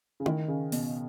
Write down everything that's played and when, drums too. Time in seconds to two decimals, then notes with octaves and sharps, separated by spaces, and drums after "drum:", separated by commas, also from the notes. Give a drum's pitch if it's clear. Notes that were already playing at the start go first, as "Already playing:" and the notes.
0.20 C#3
0.26 D#3, drum: tom E4
0.48 C#3
0.72 B2, drum: open hi-hat